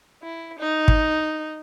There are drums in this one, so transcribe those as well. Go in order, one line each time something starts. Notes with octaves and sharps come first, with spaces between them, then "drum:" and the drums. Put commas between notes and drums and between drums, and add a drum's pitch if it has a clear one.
E4
D#4
drum: kick